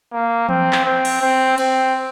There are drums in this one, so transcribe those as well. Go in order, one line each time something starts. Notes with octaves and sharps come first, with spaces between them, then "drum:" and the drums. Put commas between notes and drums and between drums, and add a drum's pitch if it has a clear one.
A#3
C4, drum: tom E3
drum: clap
C4
drum: cymbal
C4
C4, drum: cymbal